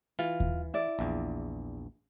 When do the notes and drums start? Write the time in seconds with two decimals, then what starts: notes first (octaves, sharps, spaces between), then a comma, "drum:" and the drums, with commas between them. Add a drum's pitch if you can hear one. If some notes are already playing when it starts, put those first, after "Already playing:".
0.19 E3 F4
0.40 drum: kick D#2
0.74 E4 D5
0.99 A#1 E2